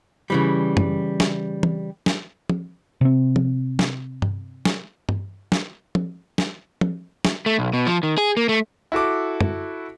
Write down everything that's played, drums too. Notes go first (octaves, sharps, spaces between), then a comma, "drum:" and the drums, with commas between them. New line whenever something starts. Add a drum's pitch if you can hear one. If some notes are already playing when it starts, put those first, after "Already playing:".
C#3 E3 G3
drum: tom
drum: snare
drum: tom
drum: snare
drum: tom
C3 C4
drum: tom
drum: snare
drum: tom G2
drum: snare
drum: tom G2
drum: snare
drum: tom
drum: snare
drum: tom
drum: snare
A3
B1
B2
F3
D#3
G#4
A#3
A3
E4 F#4 A4 D6
drum: tom